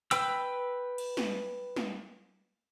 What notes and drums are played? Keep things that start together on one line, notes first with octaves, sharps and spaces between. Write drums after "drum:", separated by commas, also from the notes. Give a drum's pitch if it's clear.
B4 G5 E6, drum: hi-hat
drum: cymbal
drum: snare
drum: snare